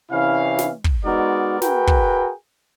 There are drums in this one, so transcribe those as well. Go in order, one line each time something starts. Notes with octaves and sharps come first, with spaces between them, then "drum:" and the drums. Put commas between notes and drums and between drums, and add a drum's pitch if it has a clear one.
C3 E3 C#4 E4 F5
drum: snare
drum: kick
G#3 B3 D#4 F#4 A#4 D5
F#4 G#4 A#4 B4 G5, drum: snare
drum: kick